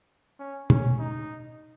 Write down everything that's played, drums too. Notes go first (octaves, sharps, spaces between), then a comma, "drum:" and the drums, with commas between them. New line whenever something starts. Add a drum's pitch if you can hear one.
C#4
C#4, drum: tom
D#4